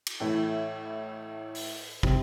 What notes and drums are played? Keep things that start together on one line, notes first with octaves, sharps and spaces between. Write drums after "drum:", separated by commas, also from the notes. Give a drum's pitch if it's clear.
drum: cymbal
A2 E3 A3 E4
drum: open hi-hat
C3 G3 C4, drum: kick